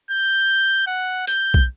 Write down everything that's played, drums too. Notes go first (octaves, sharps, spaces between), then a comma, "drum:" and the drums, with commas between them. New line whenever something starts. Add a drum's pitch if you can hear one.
G6
F#5
G6, drum: hi-hat
drum: kick